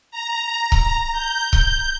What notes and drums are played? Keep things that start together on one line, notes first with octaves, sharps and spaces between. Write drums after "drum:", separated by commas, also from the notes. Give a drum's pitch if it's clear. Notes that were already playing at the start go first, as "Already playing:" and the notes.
A#5
drum: kick C#1
G6
drum: kick C#1